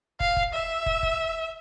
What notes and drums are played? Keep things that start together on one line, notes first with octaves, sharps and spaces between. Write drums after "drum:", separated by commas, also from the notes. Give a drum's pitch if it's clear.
F5, drum: kick
drum: kick
E5
drum: kick
drum: kick